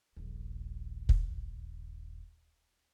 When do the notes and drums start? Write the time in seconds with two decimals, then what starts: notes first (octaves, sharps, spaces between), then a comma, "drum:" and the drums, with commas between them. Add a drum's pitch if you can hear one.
0.17 D#1 A#1
1.09 drum: kick